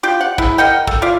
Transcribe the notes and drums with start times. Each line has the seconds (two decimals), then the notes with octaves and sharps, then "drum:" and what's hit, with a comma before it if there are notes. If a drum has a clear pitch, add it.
0.03 D4 F4 G4 G5
0.21 F#5
0.38 G#3 E4, drum: kick
0.58 A#4 D#5 F#5 G5
0.87 A4, drum: kick
1.02 F4 D5 E5